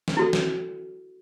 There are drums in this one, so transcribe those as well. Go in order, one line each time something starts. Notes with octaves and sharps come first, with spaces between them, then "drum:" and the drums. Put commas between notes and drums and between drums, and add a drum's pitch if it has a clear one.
drum: snare
E4 F#4 A4
drum: snare